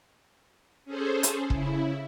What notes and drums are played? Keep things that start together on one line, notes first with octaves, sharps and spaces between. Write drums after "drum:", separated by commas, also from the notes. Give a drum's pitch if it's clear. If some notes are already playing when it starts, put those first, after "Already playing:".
C#4 G#4 A4 C5
drum: hi-hat
C#3 E4, drum: kick